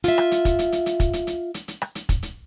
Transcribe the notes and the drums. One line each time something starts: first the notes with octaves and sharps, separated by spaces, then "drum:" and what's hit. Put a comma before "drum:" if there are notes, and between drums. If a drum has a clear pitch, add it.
F4 E5, drum: hi-hat
drum: rim click
drum: hi-hat
drum: kick, hi-hat
drum: hi-hat
drum: hi-hat
drum: hi-hat
drum: kick, hi-hat
drum: hi-hat
drum: hi-hat
drum: hi-hat
drum: hi-hat
drum: rim click
drum: hi-hat
drum: kick, hi-hat
drum: hi-hat